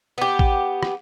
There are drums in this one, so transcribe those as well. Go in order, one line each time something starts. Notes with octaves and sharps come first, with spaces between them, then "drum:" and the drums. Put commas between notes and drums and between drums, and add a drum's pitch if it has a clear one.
B3 G4
drum: kick
drum: rim click